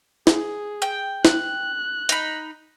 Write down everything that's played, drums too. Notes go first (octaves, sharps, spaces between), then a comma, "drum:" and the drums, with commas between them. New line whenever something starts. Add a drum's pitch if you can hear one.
G#4, drum: snare
G5
F#6, drum: snare
D#4 B5, drum: hi-hat